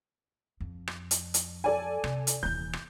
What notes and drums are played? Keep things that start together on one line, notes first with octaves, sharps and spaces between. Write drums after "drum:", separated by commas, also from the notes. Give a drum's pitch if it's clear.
F2
drum: rim click
drum: hi-hat
drum: hi-hat
A4 D5 G#5
C3, drum: rim click
drum: hi-hat
D#1 E3 G6
drum: rim click